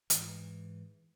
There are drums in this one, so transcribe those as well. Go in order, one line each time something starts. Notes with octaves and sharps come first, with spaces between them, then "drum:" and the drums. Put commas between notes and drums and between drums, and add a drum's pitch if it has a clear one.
G#2 E3, drum: hi-hat